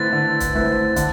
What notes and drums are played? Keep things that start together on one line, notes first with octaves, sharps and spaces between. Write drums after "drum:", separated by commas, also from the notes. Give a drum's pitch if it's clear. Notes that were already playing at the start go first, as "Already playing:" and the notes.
Already playing: D3 A3 C4 E4 B4 A6
D3
drum: kick, hi-hat
A3 C4 E4 B4
D3, drum: kick, hi-hat